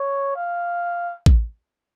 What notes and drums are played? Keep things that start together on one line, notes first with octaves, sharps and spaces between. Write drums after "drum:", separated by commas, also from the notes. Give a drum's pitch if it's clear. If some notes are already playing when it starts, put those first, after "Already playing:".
Already playing: C#5
F5
drum: kick A1